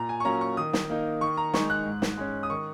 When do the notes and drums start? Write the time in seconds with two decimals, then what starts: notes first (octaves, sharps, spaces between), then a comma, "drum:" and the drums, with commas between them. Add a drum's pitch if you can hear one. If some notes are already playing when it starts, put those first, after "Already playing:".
Already playing: A#2 A#5
0.09 G#5
0.20 C#6
0.25 F#3 A#3 C#4 A#5
0.41 C#6
0.57 D#3 D#6
0.73 drum: snare
0.90 A#3 D#4
1.21 D#3 C#6
1.37 A#5
1.54 G#3 D#4 C#6, drum: snare
1.70 F#6
1.86 G#2
2.02 drum: snare
2.17 G#3 C#4
2.43 D#6
2.50 D#3 C#6